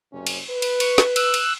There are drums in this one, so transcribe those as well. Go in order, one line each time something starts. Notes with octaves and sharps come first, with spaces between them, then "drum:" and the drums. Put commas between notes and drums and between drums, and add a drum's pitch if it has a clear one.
F#1 C3 C#4
drum: cymbal
B4
drum: cymbal
C#6, drum: cymbal
drum: snare
E6 F#6, drum: cymbal
drum: cymbal